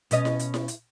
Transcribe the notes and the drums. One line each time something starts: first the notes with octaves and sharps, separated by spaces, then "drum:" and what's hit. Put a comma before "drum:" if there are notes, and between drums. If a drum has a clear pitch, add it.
B2 C#4 D#5, drum: hi-hat
drum: snare E4
drum: hi-hat
drum: snare E4
drum: hi-hat